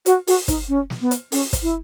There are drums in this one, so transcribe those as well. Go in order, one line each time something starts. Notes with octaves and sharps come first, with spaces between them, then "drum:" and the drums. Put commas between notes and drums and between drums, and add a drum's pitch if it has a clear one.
F#4, drum: hi-hat
F#4, drum: open hi-hat
D#4, drum: kick, hi-hat
C#4
drum: snare
B3
drum: hi-hat
C#4, drum: open hi-hat
drum: kick, hi-hat
E4